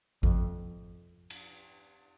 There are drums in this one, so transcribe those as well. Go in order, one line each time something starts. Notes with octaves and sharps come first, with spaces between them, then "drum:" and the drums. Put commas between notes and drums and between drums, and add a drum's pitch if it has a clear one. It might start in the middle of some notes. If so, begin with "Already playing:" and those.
F2, drum: kick G#1
drum: cymbal